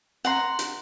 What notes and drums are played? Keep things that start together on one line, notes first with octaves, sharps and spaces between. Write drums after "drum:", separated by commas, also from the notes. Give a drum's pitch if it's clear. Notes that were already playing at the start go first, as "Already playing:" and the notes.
F#5 A#5 C6
drum: hi-hat